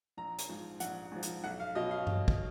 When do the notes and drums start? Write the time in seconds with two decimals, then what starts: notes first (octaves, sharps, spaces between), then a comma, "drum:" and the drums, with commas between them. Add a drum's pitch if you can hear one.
0.17 A#1 A#5
0.39 drum: hi-hat
0.49 G#2 F3
0.80 A#1 F#5, drum: hi-hat
1.12 G#2 F3
1.23 drum: hi-hat
1.44 B1 F#5
1.60 F5
1.75 B2 F#3 D#5
1.91 F5
2.07 B1, drum: tom G2
2.28 drum: kick